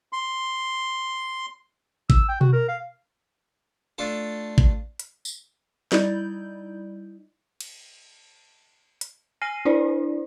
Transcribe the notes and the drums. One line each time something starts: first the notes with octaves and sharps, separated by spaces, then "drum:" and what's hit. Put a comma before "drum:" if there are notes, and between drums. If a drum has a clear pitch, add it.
C6
E6, drum: kick A1
G5
F#4, drum: tom B2
A#4
F5
A3 D4 F4 A4
drum: kick A1
drum: hi-hat
drum: tambourine
G3 D#4 E4 D5 D#5 G6, drum: snare
drum: cymbal
drum: hi-hat
G#5 F6 A#6 C7 D#7
D4 E4 C5 D5